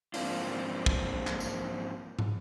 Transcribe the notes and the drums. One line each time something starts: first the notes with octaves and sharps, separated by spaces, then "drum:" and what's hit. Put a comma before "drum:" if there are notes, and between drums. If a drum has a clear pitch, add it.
G#2 F3 A#3 C4 D4 F4, drum: open hi-hat
drum: kick
drum: clap
drum: tambourine
drum: tom